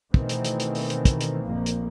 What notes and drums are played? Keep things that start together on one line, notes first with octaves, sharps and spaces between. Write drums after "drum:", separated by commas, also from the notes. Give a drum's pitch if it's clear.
B2 D#3 E3 A3 C4, drum: kick
drum: hi-hat
drum: hi-hat
drum: hi-hat
drum: open hi-hat
drum: hi-hat
drum: kick, hi-hat
drum: hi-hat
A#1 F2 A#3
drum: hi-hat